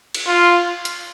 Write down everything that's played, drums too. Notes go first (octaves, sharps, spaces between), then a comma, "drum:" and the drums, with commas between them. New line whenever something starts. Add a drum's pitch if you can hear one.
drum: cymbal
F4
drum: hi-hat